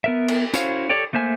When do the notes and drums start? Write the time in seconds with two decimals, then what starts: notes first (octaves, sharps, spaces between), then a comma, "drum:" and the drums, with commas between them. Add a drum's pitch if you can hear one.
0.04 B3 A#4 E5
0.28 drum: cymbal
0.54 C#4 E4 F#4 C5 C#5 F5, drum: tambourine
0.89 G4 A4 C#5 D5 G5
1.13 A3 A#3 C5 E5 G#5